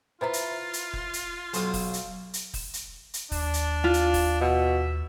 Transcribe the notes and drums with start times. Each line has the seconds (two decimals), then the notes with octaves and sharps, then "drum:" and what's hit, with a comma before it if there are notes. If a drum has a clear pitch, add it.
0.21 E4 F4 B4 C5 E5 A#5
0.33 drum: hi-hat
0.73 drum: hi-hat
0.93 drum: kick
1.13 drum: hi-hat
1.53 B1 C5 F5 D#6, drum: hi-hat
1.73 drum: kick, open hi-hat
1.94 drum: hi-hat
2.34 drum: hi-hat
2.54 drum: kick, open hi-hat
2.74 drum: hi-hat
3.14 drum: hi-hat
3.32 D#2 D4, drum: kick, open hi-hat
3.54 drum: hi-hat
3.84 F4
3.94 drum: hi-hat
4.14 drum: kick, open hi-hat
4.41 B2 E5